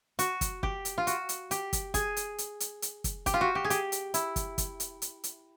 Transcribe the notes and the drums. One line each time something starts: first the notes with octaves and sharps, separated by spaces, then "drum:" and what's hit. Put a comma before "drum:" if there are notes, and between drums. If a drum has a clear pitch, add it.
F#4, drum: hi-hat
drum: kick, hi-hat
G4, drum: kick
drum: hi-hat
F4
F#4, drum: hi-hat
drum: hi-hat
G4, drum: hi-hat
drum: kick, hi-hat
G#4, drum: kick, hi-hat
drum: hi-hat
drum: hi-hat
drum: hi-hat
drum: hi-hat
drum: kick, hi-hat
G4, drum: kick, hi-hat
F4
F#4
G4
G#4
G4, drum: hi-hat
drum: hi-hat
E4, drum: hi-hat
drum: kick, hi-hat
drum: kick, hi-hat
drum: hi-hat
drum: hi-hat
drum: hi-hat